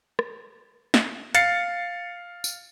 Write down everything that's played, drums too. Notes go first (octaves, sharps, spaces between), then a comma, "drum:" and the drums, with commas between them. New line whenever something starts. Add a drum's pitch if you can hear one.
drum: rim click
drum: snare
F5 A6 C7 C#7, drum: hi-hat
drum: tambourine